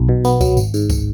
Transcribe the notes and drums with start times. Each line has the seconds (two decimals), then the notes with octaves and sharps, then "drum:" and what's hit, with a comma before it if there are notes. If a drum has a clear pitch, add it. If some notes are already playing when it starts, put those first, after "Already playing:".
Already playing: B1
0.09 B2
0.25 B3, drum: tambourine
0.41 F#3, drum: kick C#2, tambourine
0.57 G#1, drum: tambourine
0.74 G#2, drum: tambourine
0.90 drum: kick C#2, tambourine